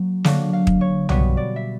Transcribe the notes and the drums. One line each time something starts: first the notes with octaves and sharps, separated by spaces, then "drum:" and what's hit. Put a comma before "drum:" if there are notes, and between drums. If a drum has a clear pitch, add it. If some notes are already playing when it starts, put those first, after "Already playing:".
Already playing: F#3 A#3
D3 F#3 A#3 F5, drum: snare
F5
drum: kick
C#5
B2 G3 B3 C#5, drum: tom
D5
E5